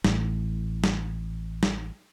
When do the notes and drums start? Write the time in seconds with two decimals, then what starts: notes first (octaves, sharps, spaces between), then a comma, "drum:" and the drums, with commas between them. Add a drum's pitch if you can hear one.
0.04 A1 A2, drum: snare
0.84 drum: snare
1.63 drum: snare